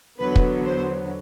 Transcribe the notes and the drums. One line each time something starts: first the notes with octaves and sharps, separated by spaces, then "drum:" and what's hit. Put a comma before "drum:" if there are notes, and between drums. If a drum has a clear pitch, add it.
E2 D3 F#3 B3 B4
drum: kick
C5